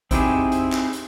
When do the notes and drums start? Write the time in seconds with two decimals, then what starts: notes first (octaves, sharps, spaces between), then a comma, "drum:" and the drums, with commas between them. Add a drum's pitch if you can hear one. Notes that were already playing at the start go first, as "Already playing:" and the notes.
0.11 C4 D#4 E4 G4 G#4, drum: kick G#1, hi-hat
0.31 drum: tom E2
0.52 drum: hi-hat
0.72 drum: clap
0.93 drum: hi-hat